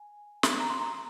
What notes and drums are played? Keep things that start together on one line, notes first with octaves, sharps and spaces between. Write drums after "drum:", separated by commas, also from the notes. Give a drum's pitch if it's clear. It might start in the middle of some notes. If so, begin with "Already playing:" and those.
Already playing: G#5
drum: snare
A#5
C6
A#5